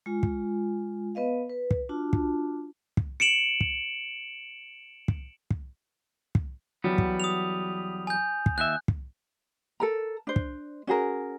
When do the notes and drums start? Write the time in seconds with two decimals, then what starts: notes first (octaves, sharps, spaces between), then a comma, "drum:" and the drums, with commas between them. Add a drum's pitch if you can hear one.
0.06 G#3 F4 G#5
0.23 drum: kick
1.15 B3 B4 D#5 F5
1.50 B4
1.71 drum: kick
1.89 D4 F4 F#4 A5
2.13 drum: kick
2.97 drum: kick
3.20 C#7 D7 E7 F#7
3.61 drum: kick
5.08 drum: kick
5.51 drum: kick
6.35 drum: kick
6.84 E2 F#3 G3 B3
6.98 drum: kick
7.20 D#6 F7
8.07 G#5 G6
8.46 drum: kick
8.58 D#2 E5 F#6
8.88 drum: kick
9.80 A4 A#4 A#5
10.27 D4 C5
10.36 drum: kick
10.87 C#4 F#4 G#4 A#4